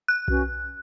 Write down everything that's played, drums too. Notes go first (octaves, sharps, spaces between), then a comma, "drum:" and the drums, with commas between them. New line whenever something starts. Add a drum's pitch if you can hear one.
F#6
C#4 F#4 B4, drum: kick B1